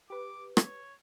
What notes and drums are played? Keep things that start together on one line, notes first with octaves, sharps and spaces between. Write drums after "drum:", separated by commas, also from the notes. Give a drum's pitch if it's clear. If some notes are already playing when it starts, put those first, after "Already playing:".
G4 B4 D6
C#5, drum: rim click